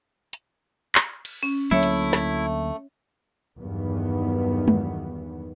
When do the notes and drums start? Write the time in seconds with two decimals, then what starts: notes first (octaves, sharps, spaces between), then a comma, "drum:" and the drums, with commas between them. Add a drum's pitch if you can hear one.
0.33 drum: hi-hat
0.95 drum: clap
1.25 drum: cymbal
1.43 C#4
1.71 D2 F#3 A3 A#3 E4 C#5 E5
1.83 drum: hi-hat
2.13 drum: snare
3.59 E2 G2 D#3 F#3 B3
4.68 drum: tom